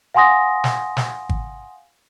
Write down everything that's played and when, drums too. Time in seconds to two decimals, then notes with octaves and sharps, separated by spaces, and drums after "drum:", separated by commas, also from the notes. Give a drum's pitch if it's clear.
0.14 F5 F#5 G#5 C6 D#6 A#6
0.64 drum: snare
0.97 drum: snare
1.29 drum: kick G#1